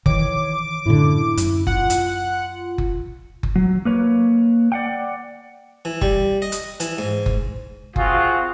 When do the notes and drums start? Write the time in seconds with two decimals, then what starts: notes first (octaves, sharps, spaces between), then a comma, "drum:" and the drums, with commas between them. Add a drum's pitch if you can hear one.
0.06 D#3 E3 C#5 D6, drum: kick F#1
0.86 F#2 A2 D3 E4
1.37 F#2, drum: hi-hat
1.67 F4 F#5, drum: kick F#1
1.90 drum: hi-hat
2.78 drum: kick F#1
3.43 drum: kick F#1
3.56 F#3
3.85 A#3 B4 C#5
4.72 D5 F#5 G5
5.85 E3
6.01 G3, drum: kick F#1
6.42 D#5
6.52 drum: hi-hat
6.80 E3, drum: hi-hat
6.98 G#2
7.26 drum: kick F#1
7.96 C4 F4 F#4 G#4, drum: kick F#1